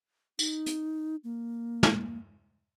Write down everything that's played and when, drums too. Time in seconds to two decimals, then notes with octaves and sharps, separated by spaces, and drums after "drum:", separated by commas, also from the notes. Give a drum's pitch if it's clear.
0.39 D#4, drum: tambourine
0.66 drum: hi-hat
1.24 A#3
1.83 drum: snare